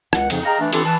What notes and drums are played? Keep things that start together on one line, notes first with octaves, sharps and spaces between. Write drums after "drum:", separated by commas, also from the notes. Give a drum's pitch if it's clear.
C#2 F#5, drum: rim click
F2 C#3 F3 C4 D#4, drum: cymbal
G#4 D#5 F5 G5 A#5
E3 A3 D4
E3 C4 D4 F4 G4 A4, drum: cymbal
E3 B4 A5